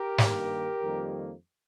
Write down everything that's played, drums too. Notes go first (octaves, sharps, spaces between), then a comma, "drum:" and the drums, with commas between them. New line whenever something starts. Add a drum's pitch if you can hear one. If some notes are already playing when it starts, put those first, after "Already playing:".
Already playing: G4 A#4
G2 D#3 A#3, drum: snare
F2 D#3 G3 A#3